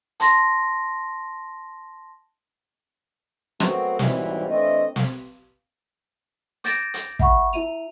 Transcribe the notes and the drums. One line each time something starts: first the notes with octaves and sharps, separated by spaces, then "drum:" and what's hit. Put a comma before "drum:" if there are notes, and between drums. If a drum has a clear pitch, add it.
A5 C6 A#6, drum: hi-hat
F#3 A3 B3 C4 F#4 A#4, drum: rim click
D#2 G#2 B2 E3 G3 C4, drum: snare
E3 A3 C4 D4 D#5
drum: snare
D6 G6 A6 A#6 D7 E7, drum: hi-hat
drum: hi-hat
E5 F#5 B5 C#6, drum: kick
E4 F4 E5 D#7 F7